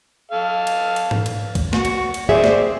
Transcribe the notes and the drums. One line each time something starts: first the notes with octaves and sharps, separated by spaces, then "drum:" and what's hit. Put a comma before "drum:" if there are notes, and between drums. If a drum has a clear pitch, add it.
A4 F5
drum: cymbal
drum: cymbal
drum: tom G#2
drum: cymbal
drum: kick, cymbal
F#4, drum: snare
drum: cymbal
drum: cymbal
C4 G#4 D5 E5
drum: snare